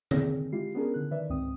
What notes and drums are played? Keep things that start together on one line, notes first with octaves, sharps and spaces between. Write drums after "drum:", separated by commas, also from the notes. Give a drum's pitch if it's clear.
A#2 D#3 C4 G#4, drum: tom D3
G#3 E4 F4 G4 C7
B3 C#4 D4 E4 G#4 A#4
D3 F#6
D#3 B4 D5 E5
C#2 G#2 C4 D#6